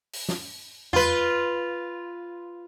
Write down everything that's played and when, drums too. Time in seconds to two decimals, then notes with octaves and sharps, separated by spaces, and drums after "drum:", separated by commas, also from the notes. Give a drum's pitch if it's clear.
0.13 drum: open hi-hat
0.29 drum: snare
0.93 F4 B4, drum: tom E2